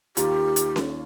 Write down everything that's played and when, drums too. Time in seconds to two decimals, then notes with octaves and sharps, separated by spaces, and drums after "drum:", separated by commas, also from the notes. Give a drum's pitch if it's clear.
0.17 D#2 D#3 A#3 F4 G4, drum: hi-hat
0.56 drum: hi-hat
0.76 drum: snare C#4